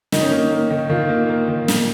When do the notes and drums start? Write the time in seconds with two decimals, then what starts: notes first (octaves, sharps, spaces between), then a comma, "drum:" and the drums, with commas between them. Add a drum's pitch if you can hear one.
0.12 D#3 D#4, drum: snare
0.21 C#4
0.31 A#3 D#4
0.52 A#3
0.71 D#3
0.89 D#3 F4
1.09 A#3
1.29 A#3
1.48 D#3
1.68 A#2, drum: snare